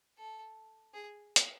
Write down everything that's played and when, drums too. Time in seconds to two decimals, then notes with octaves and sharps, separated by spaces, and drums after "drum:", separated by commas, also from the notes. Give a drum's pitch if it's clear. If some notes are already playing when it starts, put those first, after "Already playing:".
0.18 A4
0.94 G#4
1.36 drum: hi-hat